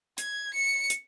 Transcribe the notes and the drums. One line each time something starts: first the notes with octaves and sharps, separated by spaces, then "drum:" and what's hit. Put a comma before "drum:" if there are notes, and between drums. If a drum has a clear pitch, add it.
G#6, drum: hi-hat
C#7
drum: hi-hat